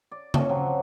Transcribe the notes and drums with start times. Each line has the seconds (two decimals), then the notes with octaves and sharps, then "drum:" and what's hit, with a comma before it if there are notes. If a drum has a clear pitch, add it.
0.11 D5
0.34 C#4, drum: tom C#3
0.49 F3 F#3 C4